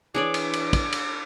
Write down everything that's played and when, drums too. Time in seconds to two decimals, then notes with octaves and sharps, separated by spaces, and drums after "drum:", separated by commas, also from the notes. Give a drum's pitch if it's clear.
0.14 E3 D4 G#4 C#5 D5 D6
0.34 drum: cymbal
0.53 drum: cymbal
0.73 drum: kick, cymbal
0.92 drum: cymbal